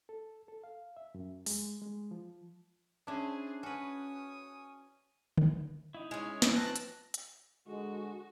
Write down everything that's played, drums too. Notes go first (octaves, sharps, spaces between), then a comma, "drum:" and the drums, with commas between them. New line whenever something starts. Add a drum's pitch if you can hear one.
A4
A4
F5
E5
F#2
G#3, drum: open hi-hat
G#3
F3
C#4 D4 E4 G#4 C5
C#4 F#4 B4 C#5 D#6
drum: tom D3
D#4 E4
G#3 C#4
E3 C4 D#4 E4 B4, drum: snare
F3 C4 A5 F#6 A#6
drum: hi-hat
drum: hi-hat
D3 F3 G#3 F#4